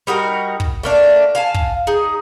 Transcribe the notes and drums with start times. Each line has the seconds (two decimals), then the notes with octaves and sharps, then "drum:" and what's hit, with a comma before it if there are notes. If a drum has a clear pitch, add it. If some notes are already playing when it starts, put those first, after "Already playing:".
0.07 G3 D#4 F#4 A#4
0.60 drum: kick
0.83 A3 A#3 D4
1.35 F5 G#5 A5
1.54 drum: kick
1.87 D#4 G#4